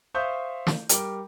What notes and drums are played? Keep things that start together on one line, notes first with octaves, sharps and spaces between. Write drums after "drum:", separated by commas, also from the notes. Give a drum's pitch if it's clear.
C5 E5 F5 C#6 D#6 G6
drum: snare
G3 A#4 D6, drum: hi-hat